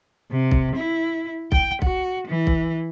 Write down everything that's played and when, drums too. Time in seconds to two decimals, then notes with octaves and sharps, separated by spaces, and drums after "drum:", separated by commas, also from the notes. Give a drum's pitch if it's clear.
0.32 C3
0.51 drum: kick B1
0.76 E4
1.52 G5, drum: kick B1
1.82 F#4, drum: kick B1
2.28 E3
2.47 drum: kick B1